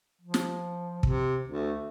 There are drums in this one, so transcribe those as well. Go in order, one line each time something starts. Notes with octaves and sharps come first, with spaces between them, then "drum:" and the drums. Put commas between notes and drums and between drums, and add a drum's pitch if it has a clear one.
F3
drum: snare
C3, drum: kick
D2 A3